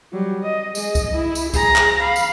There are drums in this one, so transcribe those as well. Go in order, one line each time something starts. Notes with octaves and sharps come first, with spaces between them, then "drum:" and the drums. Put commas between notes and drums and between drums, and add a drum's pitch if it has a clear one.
F#3 G3
D#5
G#3 D#5, drum: tambourine
drum: kick C2, tambourine
E4
drum: tambourine
G#4 A#5, drum: kick C2, tambourine
drum: clap
F5 B5
drum: tambourine